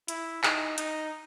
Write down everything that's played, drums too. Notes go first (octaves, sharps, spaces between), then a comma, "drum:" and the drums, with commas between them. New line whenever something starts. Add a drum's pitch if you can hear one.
E4, drum: hi-hat
D#4, drum: clap
D#4, drum: hi-hat